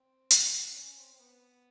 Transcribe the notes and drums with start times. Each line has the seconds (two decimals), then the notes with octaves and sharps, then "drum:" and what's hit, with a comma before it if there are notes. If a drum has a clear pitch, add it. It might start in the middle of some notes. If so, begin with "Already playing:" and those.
Already playing: C4
0.31 drum: hi-hat
0.74 C#4
0.97 C4
1.13 C4
1.19 B3